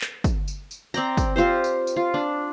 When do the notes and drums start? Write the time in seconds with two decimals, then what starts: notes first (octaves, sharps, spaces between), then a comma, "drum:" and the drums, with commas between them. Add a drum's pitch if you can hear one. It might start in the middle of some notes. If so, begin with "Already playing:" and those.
0.01 drum: clap
0.24 drum: kick, tambourine
0.48 drum: tambourine
0.71 drum: tambourine
0.94 C4 D5 G5 A#5, drum: tambourine
1.17 drum: kick, tambourine
1.36 C4 F4 G4 C5
1.64 drum: tambourine
1.87 drum: tambourine
1.96 F4
2.14 D4